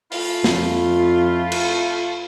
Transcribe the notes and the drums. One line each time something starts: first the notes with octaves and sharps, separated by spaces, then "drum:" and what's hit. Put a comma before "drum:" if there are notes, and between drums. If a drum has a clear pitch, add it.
A3 E4 F4, drum: open hi-hat
F2, drum: snare
drum: cymbal